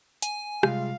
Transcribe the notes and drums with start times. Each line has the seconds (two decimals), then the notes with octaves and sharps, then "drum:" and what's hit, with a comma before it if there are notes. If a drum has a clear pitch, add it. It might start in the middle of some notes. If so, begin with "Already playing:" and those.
0.22 G#5, drum: hi-hat
0.63 C3 G3 G#3 F4 F5, drum: rim click